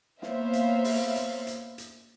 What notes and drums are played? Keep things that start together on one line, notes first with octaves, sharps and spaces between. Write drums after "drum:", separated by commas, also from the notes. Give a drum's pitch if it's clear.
A#3 B3 C5 C#5 E5 F5, drum: snare
drum: hi-hat
drum: open hi-hat
drum: hi-hat
drum: hi-hat
drum: hi-hat